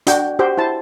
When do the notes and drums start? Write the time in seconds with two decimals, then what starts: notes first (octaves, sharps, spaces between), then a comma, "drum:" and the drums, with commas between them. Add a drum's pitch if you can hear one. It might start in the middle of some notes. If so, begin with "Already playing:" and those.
0.07 D4 F#4 G5, drum: hi-hat
0.39 F#4 G4 C5 G5
0.58 E4 C5 A5